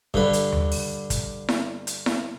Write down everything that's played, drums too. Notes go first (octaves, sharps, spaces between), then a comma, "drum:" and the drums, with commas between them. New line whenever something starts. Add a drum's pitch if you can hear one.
G2 D3 B4, drum: kick
drum: hi-hat
drum: tom D#2
drum: open hi-hat
drum: kick, hi-hat
drum: snare E4
drum: hi-hat
drum: snare E4